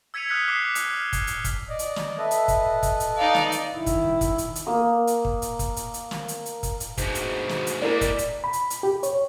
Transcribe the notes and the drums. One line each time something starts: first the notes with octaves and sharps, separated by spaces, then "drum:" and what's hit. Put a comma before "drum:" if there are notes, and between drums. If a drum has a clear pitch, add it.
E6 G#6 B6 C#7 D#7 F7
D#6 F6 F#6 B6 C#7
D6 D#6 F#6 B6 C7
B6
drum: hi-hat
F6
F6, drum: kick, hi-hat
drum: hi-hat
drum: kick, hi-hat
D5 D#5
drum: hi-hat
drum: snare
A4 B4 D#5 E5
drum: hi-hat
drum: kick, hi-hat
drum: kick, hi-hat
drum: hi-hat
D#4 D5 F5
drum: snare
drum: hi-hat
D#3 E4
drum: kick, hi-hat
drum: kick, hi-hat
drum: hi-hat
drum: hi-hat
A#3 D#6
drum: hi-hat
drum: kick
drum: hi-hat
drum: kick, hi-hat
drum: hi-hat
drum: hi-hat
drum: snare
drum: hi-hat
drum: hi-hat
drum: kick, hi-hat
drum: hi-hat
D2 G#2 B2, drum: kick, hi-hat
drum: hi-hat
drum: snare
drum: hi-hat
G3 G#3 A#3 E4 A#4 D5
drum: kick, hi-hat
drum: hi-hat
B5
drum: hi-hat
drum: hi-hat
G4
C#5, drum: hi-hat